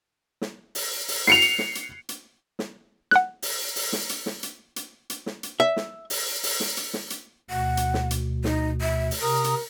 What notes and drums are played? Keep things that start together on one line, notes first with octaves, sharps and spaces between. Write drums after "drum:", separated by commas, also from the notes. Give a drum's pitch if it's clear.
drum: snare
drum: open hi-hat
drum: open hi-hat
C7 C#7 F7, drum: snare
drum: hi-hat
drum: snare
drum: hi-hat
drum: hi-hat
drum: snare
F#5 F#6, drum: snare
drum: open hi-hat
drum: open hi-hat
drum: snare
drum: hi-hat
drum: snare
drum: hi-hat
drum: hi-hat
drum: hi-hat
drum: snare
drum: hi-hat
E5
drum: snare
drum: open hi-hat
drum: open hi-hat
drum: snare
drum: hi-hat
drum: snare
drum: hi-hat
D2 B2 F#5
drum: hi-hat
drum: snare
drum: hi-hat
D#4, drum: snare
E5
drum: open hi-hat
C3 A#4 A#5 D#6
drum: hi-hat